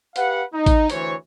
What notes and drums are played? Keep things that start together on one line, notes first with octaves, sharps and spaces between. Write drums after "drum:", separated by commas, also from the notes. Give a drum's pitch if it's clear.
G4 B4 F5 F#5, drum: hi-hat
D#4
drum: kick, hi-hat
D2 E3 C5 C#5, drum: hi-hat